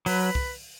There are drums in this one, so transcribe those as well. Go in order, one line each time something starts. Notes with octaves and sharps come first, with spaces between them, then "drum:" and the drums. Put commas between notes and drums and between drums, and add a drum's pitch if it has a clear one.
F#3 B4, drum: open hi-hat
B4
drum: kick C2